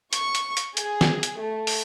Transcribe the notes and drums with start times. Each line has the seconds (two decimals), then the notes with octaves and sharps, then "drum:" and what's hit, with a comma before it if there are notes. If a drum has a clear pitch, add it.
0.13 C#6, drum: hi-hat
0.35 drum: hi-hat
0.57 drum: hi-hat
0.77 G#4, drum: hi-hat
1.01 drum: snare
1.23 drum: hi-hat
1.40 A3
1.67 drum: open hi-hat